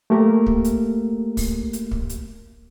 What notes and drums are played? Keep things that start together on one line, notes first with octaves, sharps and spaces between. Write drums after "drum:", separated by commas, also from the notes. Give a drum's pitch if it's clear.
A3 A#3 G4 A#4
drum: kick
drum: hi-hat
drum: kick, open hi-hat
drum: hi-hat
drum: kick
drum: hi-hat